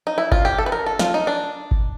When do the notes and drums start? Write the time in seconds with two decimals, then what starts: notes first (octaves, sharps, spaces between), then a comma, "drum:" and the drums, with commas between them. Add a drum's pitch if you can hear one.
0.07 D#4
0.18 E4
0.32 F4, drum: kick G1
0.45 G4
0.58 A4
0.66 B4
0.72 A#4
0.86 A4
0.99 F4, drum: snare
1.14 D#4
1.27 D4
1.71 drum: kick G1